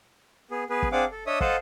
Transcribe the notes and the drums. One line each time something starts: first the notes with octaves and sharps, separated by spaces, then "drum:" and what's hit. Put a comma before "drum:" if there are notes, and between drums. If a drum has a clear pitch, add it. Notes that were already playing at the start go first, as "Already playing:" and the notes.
B3 G#4
B3 G#4 B4
drum: kick
C4 D4 G#4 F5 F#5 D6
A4
D4 C#5 D#5 E5 D#6
A4 C5 D#5 F5 F#5 A5, drum: kick